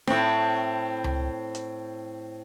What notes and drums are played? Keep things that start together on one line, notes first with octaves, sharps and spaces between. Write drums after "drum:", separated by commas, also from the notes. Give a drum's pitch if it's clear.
A2 C4, drum: snare D#4
drum: tom C#2
drum: hi-hat